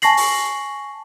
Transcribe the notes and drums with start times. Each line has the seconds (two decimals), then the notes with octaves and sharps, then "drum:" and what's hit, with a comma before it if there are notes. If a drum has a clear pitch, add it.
0.02 G#5 A5 C#6 A#6 C7 F#7, drum: hi-hat
0.17 drum: open hi-hat